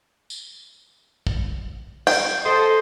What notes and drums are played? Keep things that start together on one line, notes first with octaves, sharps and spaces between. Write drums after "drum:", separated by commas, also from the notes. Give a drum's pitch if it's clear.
drum: tambourine
drum: kick
G5, drum: cymbal
A4 C5 D#5 A5